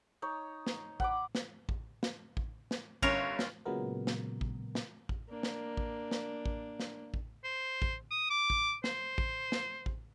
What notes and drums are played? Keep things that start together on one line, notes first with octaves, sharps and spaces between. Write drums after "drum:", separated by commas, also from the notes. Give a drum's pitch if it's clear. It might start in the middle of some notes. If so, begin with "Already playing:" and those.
D#4 C#5
drum: snare
F#5 B5 D6, drum: kick A1
drum: snare
drum: kick A1
drum: snare
drum: kick A1
drum: snare
G1 C#4 F4 A#4 C#5 C#6, drum: kick A1
drum: snare
A#2 C#3 F#3 G#3 B3 A#4
drum: snare
drum: kick A1
drum: snare
drum: kick A1
A#3 D4
drum: snare
drum: kick A1
drum: snare
drum: kick A1
drum: snare
drum: kick A1
C5
drum: kick A1
D#6
D6
drum: kick A1
C5, drum: snare
drum: kick A1
drum: snare
drum: kick A1